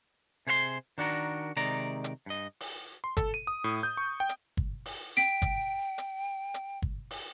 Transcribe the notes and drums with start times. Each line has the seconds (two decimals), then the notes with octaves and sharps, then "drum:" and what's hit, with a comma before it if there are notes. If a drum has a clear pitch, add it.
0.47 C3 G#4 C5 F5 C6
0.98 D#3 D4 F#4 A#4
1.57 C3 D#3 G#3 D5 A#5
2.04 drum: hi-hat
2.26 G2 D#5
2.60 drum: open hi-hat
3.04 C6
3.17 A4, drum: kick G1, hi-hat
3.34 D#7
3.47 D#6
3.64 A2
3.83 G6
3.97 C#6
4.20 G5
4.29 drum: hi-hat
4.57 drum: kick G1
4.85 drum: open hi-hat
5.17 G5 B6 D7
5.42 drum: kick G1, hi-hat
5.98 drum: hi-hat
6.54 drum: hi-hat
6.82 drum: kick G1
7.11 drum: open hi-hat